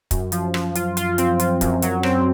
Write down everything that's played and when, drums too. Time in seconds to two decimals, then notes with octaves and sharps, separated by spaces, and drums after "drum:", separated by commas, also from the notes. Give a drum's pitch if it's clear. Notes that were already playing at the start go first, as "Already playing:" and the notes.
0.11 F#2, drum: kick, hi-hat
0.32 F3, drum: hi-hat
0.54 F3, drum: rim click
0.75 F4, drum: hi-hat
0.97 F4, drum: hi-hat
1.18 C4, drum: hi-hat
1.40 F4, drum: hi-hat
1.61 F#2, drum: kick, hi-hat
1.82 F#3, drum: hi-hat
2.03 C4, drum: rim click